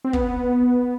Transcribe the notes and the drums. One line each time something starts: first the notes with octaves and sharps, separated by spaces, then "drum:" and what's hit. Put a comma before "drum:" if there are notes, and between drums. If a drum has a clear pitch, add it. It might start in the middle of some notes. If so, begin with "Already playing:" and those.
C4
B3, drum: kick